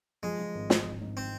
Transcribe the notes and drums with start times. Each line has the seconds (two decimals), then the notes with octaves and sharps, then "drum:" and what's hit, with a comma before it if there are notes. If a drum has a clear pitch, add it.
0.23 F3 G#3
0.39 F3
0.55 G#1
0.70 F3, drum: snare
0.86 G#1
1.01 G#2
1.17 C4